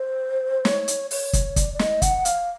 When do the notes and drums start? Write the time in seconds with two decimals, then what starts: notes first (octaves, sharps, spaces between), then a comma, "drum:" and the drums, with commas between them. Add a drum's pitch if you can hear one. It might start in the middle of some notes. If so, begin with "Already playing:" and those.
Already playing: C5
0.65 C#5, drum: snare
0.88 drum: hi-hat
1.11 C#5, drum: open hi-hat
1.33 drum: kick, hi-hat
1.56 D5, drum: kick, hi-hat
1.74 D5
1.79 D#5, drum: snare
2.02 F#5, drum: kick, hi-hat
2.25 F5, drum: hi-hat